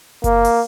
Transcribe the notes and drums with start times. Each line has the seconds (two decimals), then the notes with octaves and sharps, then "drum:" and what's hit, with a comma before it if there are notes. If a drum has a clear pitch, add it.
0.24 A#3, drum: kick F#1, hi-hat
0.45 drum: open hi-hat